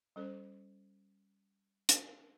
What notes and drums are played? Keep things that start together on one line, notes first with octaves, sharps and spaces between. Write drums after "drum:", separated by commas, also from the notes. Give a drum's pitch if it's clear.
G3 C#4 A4 C5
drum: hi-hat